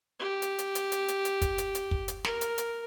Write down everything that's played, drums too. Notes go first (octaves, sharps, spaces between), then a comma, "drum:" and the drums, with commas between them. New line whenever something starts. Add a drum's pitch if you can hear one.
G4
drum: hi-hat
drum: hi-hat
drum: hi-hat
drum: hi-hat
drum: hi-hat
drum: hi-hat
drum: kick, hi-hat
drum: hi-hat
drum: hi-hat
drum: kick
drum: hi-hat
A#4, drum: snare
drum: hi-hat
drum: hi-hat